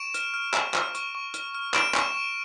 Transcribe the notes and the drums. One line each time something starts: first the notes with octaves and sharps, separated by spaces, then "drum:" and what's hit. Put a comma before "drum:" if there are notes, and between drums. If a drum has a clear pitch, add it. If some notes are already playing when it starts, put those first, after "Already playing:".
Already playing: C#6 D7 E7
F6, drum: hi-hat
F6
C#6, drum: clap
F6, drum: clap
C#6, drum: hi-hat
C#6
F6, drum: hi-hat
F6
F6 D7 E7, drum: clap
C#6, drum: clap
C#6